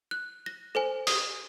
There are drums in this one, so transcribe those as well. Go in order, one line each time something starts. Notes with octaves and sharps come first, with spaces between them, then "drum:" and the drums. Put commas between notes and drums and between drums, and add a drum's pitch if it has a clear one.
F#6
A#6
A4 C5 G#5
D#6, drum: open hi-hat